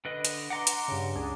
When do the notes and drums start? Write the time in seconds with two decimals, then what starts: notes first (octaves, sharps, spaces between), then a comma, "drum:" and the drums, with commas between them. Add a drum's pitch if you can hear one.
0.05 D3 B4 D#5
0.25 drum: hi-hat
0.50 F#5 A#5 C6 D6
0.67 drum: hi-hat
0.88 G2 C#3
1.15 C#2 D4 G#4